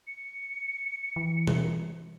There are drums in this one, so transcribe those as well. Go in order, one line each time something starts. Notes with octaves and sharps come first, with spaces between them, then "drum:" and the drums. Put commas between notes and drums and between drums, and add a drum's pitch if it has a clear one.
C#7
E3
drum: tom B2